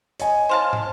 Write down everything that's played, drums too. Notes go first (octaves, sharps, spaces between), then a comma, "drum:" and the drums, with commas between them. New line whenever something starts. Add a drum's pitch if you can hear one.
C#5 D#5 G#5, drum: hi-hat
C5 F5 A5
drum: tom